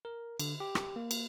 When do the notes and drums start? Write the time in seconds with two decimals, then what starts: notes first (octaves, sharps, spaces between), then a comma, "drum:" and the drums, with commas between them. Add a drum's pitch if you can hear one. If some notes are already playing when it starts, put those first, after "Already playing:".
0.05 A#4
0.40 D3, drum: cymbal
0.60 G4
0.75 drum: rim click
0.96 A#3
1.11 drum: cymbal